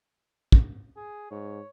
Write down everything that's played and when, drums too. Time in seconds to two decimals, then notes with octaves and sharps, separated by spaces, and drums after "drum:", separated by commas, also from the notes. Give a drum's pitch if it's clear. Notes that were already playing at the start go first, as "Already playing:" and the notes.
0.52 drum: kick
0.97 G#4
1.31 G#2 C#5